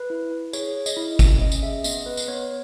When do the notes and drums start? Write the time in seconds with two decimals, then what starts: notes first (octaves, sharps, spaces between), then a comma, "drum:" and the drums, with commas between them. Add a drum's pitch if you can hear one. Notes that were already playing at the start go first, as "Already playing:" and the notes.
Already playing: B4
0.10 E4
0.32 E4
0.53 G#4 C#5, drum: tambourine
0.76 G#4
0.86 D#5, drum: tambourine
0.96 E4
1.19 C#4, drum: kick G1, tambourine
1.41 C#4 D#5
1.52 drum: tambourine
1.63 G#4 E5
1.84 B3 D#5, drum: tambourine
2.06 B3 B4
2.17 drum: tambourine
2.28 B3 C#5